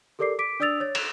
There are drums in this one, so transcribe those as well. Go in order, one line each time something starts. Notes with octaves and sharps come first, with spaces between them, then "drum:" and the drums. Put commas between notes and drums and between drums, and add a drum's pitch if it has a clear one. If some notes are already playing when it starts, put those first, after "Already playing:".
G4 A4 A#4 D5 D6 C7
D6 B6 D7
D4 D5 D#6 E6 A6 F7
C#5 A6
E7 F7, drum: cymbal